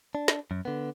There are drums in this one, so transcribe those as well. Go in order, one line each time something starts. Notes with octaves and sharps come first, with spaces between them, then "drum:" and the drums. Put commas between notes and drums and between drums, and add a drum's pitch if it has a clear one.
D4
drum: snare
F#2
D3 B3